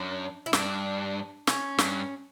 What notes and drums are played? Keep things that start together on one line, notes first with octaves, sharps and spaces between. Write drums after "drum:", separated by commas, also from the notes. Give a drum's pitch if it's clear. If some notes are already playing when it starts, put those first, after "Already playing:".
Already playing: F#2 D4
E4
G2 D4, drum: snare
C#4, drum: snare
G2, drum: snare